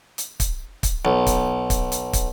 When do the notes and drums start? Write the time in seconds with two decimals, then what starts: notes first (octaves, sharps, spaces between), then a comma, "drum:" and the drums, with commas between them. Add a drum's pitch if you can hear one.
0.18 drum: hi-hat
0.40 drum: kick, hi-hat
0.83 drum: kick, hi-hat
1.05 B1
1.27 drum: kick, hi-hat
1.70 drum: kick, hi-hat
1.92 drum: hi-hat
2.13 drum: kick, hi-hat